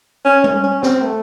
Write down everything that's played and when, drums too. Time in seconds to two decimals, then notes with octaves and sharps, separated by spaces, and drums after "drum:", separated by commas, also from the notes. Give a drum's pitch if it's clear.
0.25 C#4
0.44 C#4, drum: tom G3
0.64 C#4
0.83 C4, drum: snare C4
1.02 A3